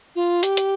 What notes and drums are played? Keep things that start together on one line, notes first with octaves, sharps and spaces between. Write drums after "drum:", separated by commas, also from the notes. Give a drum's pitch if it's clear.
F4
G4, drum: hi-hat
drum: hi-hat